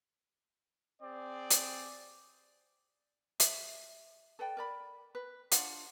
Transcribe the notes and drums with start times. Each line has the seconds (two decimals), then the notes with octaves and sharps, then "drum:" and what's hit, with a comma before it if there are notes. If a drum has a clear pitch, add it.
1.01 C4 G#4 D5
1.50 drum: hi-hat
3.40 E5, drum: hi-hat
4.39 A4 B4 D5 G5
4.57 A#4 D5 B5
5.15 B4
5.51 D4 F4 F5 F#5, drum: hi-hat